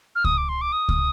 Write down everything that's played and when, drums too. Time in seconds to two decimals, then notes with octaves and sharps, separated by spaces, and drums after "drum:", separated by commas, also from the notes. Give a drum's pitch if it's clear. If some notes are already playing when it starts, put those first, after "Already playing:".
0.15 F6
0.24 D#6, drum: kick C#2
0.38 D6
0.49 C6
0.61 D6
0.72 D#6
0.89 drum: kick C#2